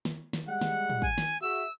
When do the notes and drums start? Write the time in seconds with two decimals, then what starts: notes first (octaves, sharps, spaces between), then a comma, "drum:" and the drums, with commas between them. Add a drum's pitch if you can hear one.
0.05 drum: snare
0.33 drum: snare
0.47 G3 G#3 F#5
0.62 drum: snare
0.90 drum: tom A2
1.02 G#5, drum: kick
1.18 drum: snare
1.42 F#4 G#4 E5 E6